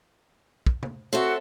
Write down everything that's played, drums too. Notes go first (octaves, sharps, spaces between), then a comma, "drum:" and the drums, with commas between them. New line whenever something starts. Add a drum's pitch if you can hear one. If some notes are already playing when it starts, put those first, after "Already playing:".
drum: kick
drum: tom C3
C4 F#4 A4 E5